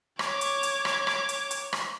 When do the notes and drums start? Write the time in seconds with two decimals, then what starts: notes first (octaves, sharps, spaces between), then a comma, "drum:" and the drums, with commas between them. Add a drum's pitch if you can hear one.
0.19 C#5 D6, drum: rim click
0.41 drum: hi-hat
0.63 drum: hi-hat
0.85 drum: rim click
1.07 drum: rim click
1.29 drum: hi-hat
1.51 drum: hi-hat
1.73 drum: rim click